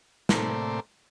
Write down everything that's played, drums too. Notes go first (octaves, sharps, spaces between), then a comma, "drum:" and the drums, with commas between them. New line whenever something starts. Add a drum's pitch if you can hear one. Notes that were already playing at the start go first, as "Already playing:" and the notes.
A2 C3 A3 A#3 D5 C6, drum: snare